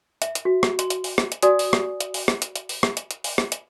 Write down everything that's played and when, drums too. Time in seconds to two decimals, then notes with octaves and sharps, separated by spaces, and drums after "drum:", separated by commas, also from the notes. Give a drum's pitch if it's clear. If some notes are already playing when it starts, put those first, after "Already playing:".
0.22 E5, drum: hi-hat
0.35 drum: hi-hat
0.45 F#4
0.63 drum: rim click
0.79 C6, drum: hi-hat
0.90 drum: hi-hat
1.04 drum: open hi-hat
1.18 drum: rim click
1.32 drum: hi-hat
1.43 F#4 D5 G#5 D#6, drum: hi-hat
1.59 drum: open hi-hat
1.73 drum: rim click
2.00 drum: hi-hat
2.14 drum: open hi-hat
2.28 drum: rim click
2.42 drum: hi-hat
2.56 drum: hi-hat
2.69 drum: open hi-hat
2.83 drum: rim click
2.97 drum: hi-hat
3.11 drum: hi-hat
3.24 drum: open hi-hat
3.38 drum: rim click
3.52 drum: hi-hat